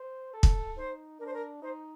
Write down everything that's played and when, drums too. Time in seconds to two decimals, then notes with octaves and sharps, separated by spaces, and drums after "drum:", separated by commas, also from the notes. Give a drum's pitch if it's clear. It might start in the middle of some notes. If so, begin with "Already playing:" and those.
Already playing: C5
0.33 A4
0.43 drum: kick
0.77 D#4 C5
1.19 D4 A#4
1.26 C5
1.34 A#4
1.62 D#4 C5